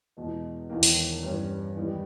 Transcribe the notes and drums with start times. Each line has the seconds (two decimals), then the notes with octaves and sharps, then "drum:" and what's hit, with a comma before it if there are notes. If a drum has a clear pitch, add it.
0.17 E2 B2 G#3
0.70 E1 E2 D#3 A#3
0.83 drum: open hi-hat
1.23 G2 E3 G3 C#4
1.75 E2 D#3 G3 B3